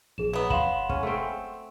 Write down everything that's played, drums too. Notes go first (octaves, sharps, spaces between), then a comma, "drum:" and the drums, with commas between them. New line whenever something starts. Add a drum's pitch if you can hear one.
A#1 G#4 E7
F#3 B3
F5 B5 C6 E7 F#7, drum: kick
C#4, drum: kick
A3 C4